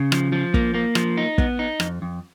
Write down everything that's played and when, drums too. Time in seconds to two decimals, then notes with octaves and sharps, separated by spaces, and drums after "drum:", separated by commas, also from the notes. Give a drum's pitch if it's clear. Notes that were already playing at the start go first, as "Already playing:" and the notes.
Already playing: C#3
0.12 F3, drum: rim click
0.32 F3
0.54 A#3, drum: kick
0.74 A#3
0.95 F3, drum: rim click
1.18 D#4
1.38 B3, drum: kick
1.59 D#4
1.80 F2, drum: rim click
2.02 F2